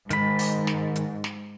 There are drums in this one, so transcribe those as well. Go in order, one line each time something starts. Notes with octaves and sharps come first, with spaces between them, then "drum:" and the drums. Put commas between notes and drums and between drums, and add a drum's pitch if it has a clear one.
G#2 D#3 B5, drum: hi-hat
drum: open hi-hat
drum: snare
drum: hi-hat
drum: snare